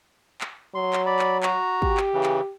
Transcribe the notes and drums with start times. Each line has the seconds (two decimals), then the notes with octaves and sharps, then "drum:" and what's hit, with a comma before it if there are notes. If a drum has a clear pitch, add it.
0.41 drum: clap
0.75 F#3 C6
0.93 drum: clap
1.06 D5 B5
1.19 drum: clap
1.43 F#4 A#5, drum: clap
1.82 G4, drum: kick
1.97 drum: clap
2.14 C#3 E3
2.23 drum: clap